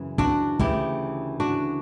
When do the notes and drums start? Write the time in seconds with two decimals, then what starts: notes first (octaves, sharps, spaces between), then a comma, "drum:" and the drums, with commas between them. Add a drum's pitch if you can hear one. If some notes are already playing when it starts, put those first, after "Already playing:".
Already playing: F#2 C#3 E3
0.18 D4 F#4, drum: kick
0.59 D2 C#3 E3 E4 G4, drum: kick
1.40 D4 F#4